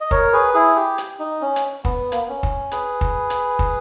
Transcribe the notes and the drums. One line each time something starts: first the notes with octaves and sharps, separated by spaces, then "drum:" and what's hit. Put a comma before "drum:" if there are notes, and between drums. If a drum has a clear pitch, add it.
D#5
A#4 C#5, drum: kick
G#4 B4
E4 G#4
G4
drum: hi-hat
D#4
C#4
drum: hi-hat
B3, drum: kick
A#3, drum: hi-hat
B3
C#4
drum: kick
G#4 B4, drum: hi-hat
drum: kick
drum: hi-hat
drum: kick